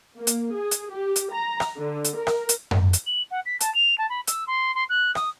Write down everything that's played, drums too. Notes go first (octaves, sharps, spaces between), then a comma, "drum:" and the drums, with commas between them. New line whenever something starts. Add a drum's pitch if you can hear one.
A#3
drum: hi-hat
G#4
drum: hi-hat
G4
drum: hi-hat
A#5
drum: rim click
D3
drum: hi-hat
A#4
drum: rim click
drum: hi-hat
drum: tom F#2
drum: hi-hat
F#7
F#5
B6
A5, drum: hi-hat
F7
A5
B5
E6, drum: hi-hat
C6
C6
F#6
D#6, drum: rim click